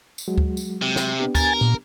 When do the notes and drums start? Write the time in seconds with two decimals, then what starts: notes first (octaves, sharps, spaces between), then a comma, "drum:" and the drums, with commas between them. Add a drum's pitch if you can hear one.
0.18 drum: tambourine
0.28 F#3 G#3 F#4
0.38 drum: kick D2
0.57 drum: tambourine
0.82 C3
0.96 drum: snare
1.20 B3 D4 G4
1.35 A#4 G#5 A6, drum: kick D2, tambourine
1.61 A#2